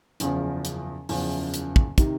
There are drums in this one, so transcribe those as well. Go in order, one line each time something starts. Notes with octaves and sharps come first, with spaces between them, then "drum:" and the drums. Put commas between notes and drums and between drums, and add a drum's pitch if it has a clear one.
F#1 E2 C#3 F3, drum: hi-hat
drum: hi-hat
F#1 E2 C#3 F3, drum: open hi-hat
drum: hi-hat
drum: kick
C3 D#3, drum: kick, hi-hat